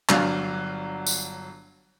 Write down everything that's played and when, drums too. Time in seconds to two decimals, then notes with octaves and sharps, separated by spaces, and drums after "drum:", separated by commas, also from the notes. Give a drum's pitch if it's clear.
0.09 G1 F#3 D4 F5 F6, drum: clap
1.07 drum: tambourine